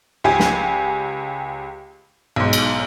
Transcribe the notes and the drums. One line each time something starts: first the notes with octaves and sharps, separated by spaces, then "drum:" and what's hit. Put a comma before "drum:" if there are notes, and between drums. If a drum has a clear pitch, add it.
C#2 G4 G#5
drum: snare
B1 G#2
drum: cymbal